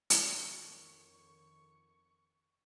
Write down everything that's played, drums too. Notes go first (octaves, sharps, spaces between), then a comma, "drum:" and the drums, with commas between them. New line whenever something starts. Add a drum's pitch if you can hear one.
drum: hi-hat
F2 D3 D#3 C#5 C#6